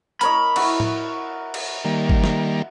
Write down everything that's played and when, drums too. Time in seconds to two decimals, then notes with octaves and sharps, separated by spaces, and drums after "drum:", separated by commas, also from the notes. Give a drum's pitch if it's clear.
0.21 A#4 C#5 D#5 B5, drum: hi-hat
0.56 E4 F#4, drum: cymbal
0.80 drum: tom A2
1.54 drum: cymbal
1.85 D#3 G3 A#3
2.09 drum: kick
2.24 drum: snare